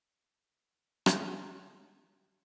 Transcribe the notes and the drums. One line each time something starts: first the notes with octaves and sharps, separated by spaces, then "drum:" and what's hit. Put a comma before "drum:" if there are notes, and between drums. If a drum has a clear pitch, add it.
F4
D#4
drum: rim click
C4
C#4
A#3
C4
C4
A#3